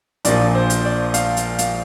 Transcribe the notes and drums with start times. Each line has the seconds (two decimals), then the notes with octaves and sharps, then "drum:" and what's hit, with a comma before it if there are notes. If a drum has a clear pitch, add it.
0.25 A#1 A#2 F3 D5, drum: hi-hat
0.55 C5
0.70 drum: hi-hat
0.85 D5
1.14 F5, drum: hi-hat
1.37 drum: hi-hat
1.59 F5, drum: hi-hat